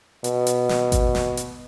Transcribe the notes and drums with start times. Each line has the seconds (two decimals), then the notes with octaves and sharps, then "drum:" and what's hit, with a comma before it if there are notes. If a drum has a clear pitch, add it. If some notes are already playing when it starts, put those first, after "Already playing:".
0.24 B2, drum: hi-hat
0.47 drum: hi-hat
0.69 drum: snare
0.92 drum: kick G#1, hi-hat
1.15 drum: snare
1.37 drum: hi-hat